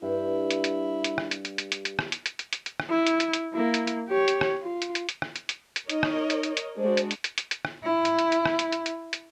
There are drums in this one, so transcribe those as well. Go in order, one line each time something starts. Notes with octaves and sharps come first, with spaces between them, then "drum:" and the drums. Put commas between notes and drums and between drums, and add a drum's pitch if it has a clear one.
G2 E4
drum: hi-hat
drum: hi-hat
drum: hi-hat
drum: rim click
drum: hi-hat
drum: hi-hat
drum: hi-hat
drum: hi-hat
drum: hi-hat
drum: rim click
drum: hi-hat
drum: hi-hat
drum: hi-hat
drum: hi-hat
drum: hi-hat
drum: rim click
E4
drum: hi-hat
drum: hi-hat
drum: hi-hat
A#3 E4
drum: hi-hat
drum: hi-hat
G4 C#5
drum: hi-hat
drum: rim click
F4
drum: hi-hat
drum: hi-hat
drum: hi-hat
drum: rim click
drum: hi-hat
drum: hi-hat
drum: hi-hat
D#4 A#4 C#5 D#5, drum: hi-hat
drum: rim click
drum: hi-hat
drum: hi-hat
drum: hi-hat
G#3 D4 F#4 C5
drum: hi-hat
drum: hi-hat
drum: hi-hat
drum: hi-hat
drum: hi-hat
drum: rim click
E4
drum: hi-hat
drum: hi-hat
drum: hi-hat
drum: rim click
drum: hi-hat
drum: hi-hat
drum: hi-hat
drum: hi-hat